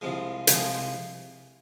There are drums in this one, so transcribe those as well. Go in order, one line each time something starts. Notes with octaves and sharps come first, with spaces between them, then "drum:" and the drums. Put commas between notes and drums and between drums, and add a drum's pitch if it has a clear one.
C2 C3 F3 G#3
C2 C3 F3 G#3, drum: hi-hat